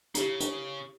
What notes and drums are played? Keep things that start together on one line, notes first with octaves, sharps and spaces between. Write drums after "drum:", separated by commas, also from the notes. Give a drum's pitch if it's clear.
C#3 E4 G4, drum: hi-hat
drum: hi-hat